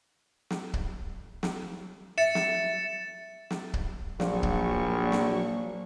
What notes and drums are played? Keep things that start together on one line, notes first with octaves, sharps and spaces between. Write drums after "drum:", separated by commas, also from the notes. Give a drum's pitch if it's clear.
drum: snare
drum: kick C#1
drum: snare
E5 A6 C#7 E7
drum: snare
drum: snare
drum: kick C#1
A#1 A#2 F#3 A#3 C#6, drum: snare
drum: kick C#1
drum: snare